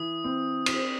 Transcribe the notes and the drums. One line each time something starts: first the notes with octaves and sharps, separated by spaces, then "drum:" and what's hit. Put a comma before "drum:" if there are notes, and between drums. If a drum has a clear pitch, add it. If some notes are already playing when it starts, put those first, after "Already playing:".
Already playing: E3 D#6
C4
C5, drum: cymbal